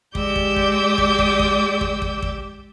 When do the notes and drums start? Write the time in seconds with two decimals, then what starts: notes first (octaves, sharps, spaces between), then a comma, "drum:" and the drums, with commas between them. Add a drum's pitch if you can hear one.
0.15 G#3 G4 D5 D6 E6 G6, drum: kick
0.36 drum: kick
0.56 drum: kick
0.98 drum: kick
1.19 drum: kick
1.39 drum: kick
1.81 drum: kick
2.02 drum: kick
2.22 drum: kick